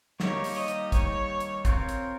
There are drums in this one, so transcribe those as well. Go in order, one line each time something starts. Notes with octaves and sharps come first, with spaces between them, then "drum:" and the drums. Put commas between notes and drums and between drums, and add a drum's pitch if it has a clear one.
D#3 G3 A#3 D#4 G4 C#5, drum: snare
drum: open hi-hat
D#5
drum: hi-hat
C#5, drum: kick, hi-hat
drum: hi-hat
C4 F4 A#4 C#5, drum: kick, hi-hat
drum: hi-hat